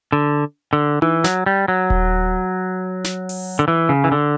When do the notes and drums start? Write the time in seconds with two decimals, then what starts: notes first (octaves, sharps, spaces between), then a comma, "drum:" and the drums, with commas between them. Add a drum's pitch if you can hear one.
0.12 D3
0.73 D3
1.02 E3, drum: tom D#4
1.24 F#3, drum: snare
1.46 G3
1.68 F#3
1.90 drum: kick D#1
3.04 drum: snare
3.29 drum: open hi-hat
3.59 D3
3.68 E3
3.89 C#3
4.04 E3
4.12 D3